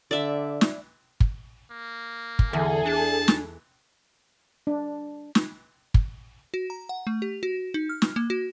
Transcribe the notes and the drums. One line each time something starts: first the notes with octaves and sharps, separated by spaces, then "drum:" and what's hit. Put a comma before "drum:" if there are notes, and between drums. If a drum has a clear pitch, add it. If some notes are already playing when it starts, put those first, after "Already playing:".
D3 D5 E5
drum: snare
drum: kick
A#3
drum: kick
E2 D3 G#4 A4
D4 A5
drum: snare
D4
drum: snare
drum: kick
F#4
A#5
F#5
A3
G4
F#4
D#4
F6
drum: snare
A#3
F#4